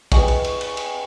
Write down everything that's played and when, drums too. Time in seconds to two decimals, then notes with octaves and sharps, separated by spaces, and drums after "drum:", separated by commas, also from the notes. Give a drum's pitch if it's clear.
0.12 G#4 B4 D#5 G5 G#5 C#6, drum: kick, cymbal
0.28 drum: cymbal
0.44 drum: cymbal
0.61 drum: cymbal
0.77 drum: cymbal